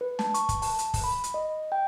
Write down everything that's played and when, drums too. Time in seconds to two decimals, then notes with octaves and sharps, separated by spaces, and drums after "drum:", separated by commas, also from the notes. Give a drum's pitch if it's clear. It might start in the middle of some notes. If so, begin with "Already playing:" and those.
0.01 B4
0.19 A5, drum: snare
0.34 C#6, drum: hi-hat
0.49 drum: kick, hi-hat
0.62 A5, drum: open hi-hat
0.79 drum: hi-hat
0.94 drum: kick, open hi-hat
1.04 B5
1.24 drum: hi-hat
1.34 D#5
1.72 G5